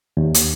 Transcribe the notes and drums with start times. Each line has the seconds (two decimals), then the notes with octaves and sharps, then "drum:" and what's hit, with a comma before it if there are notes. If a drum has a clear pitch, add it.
0.17 D#2
0.34 drum: hi-hat